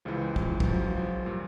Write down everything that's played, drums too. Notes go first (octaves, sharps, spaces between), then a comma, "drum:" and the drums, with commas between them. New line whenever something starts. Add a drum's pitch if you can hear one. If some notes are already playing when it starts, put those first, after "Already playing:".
C#2 C#3 E3 F3
E3, drum: kick
F#3, drum: kick
F3
F3
F3
A#2 G3